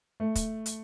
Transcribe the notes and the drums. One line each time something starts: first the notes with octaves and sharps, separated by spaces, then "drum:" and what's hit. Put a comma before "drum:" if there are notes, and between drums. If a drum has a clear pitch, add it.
A3
drum: kick, hi-hat
drum: hi-hat